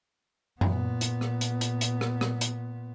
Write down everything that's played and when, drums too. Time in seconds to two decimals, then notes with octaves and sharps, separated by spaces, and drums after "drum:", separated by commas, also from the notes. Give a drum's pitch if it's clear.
0.61 A#2 B3, drum: tom F#2
1.01 drum: hi-hat
1.21 drum: rim click
1.41 drum: hi-hat
1.61 drum: hi-hat
1.81 drum: hi-hat
2.01 drum: rim click
2.21 drum: rim click
2.41 drum: hi-hat